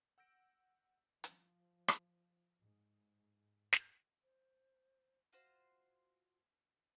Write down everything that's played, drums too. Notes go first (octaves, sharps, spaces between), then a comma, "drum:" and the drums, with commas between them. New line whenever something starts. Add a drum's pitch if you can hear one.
F#5 E6 G6 A#6 D7
F3, drum: hi-hat
drum: rim click
G#2
drum: snare
C5
F4 F#4 C5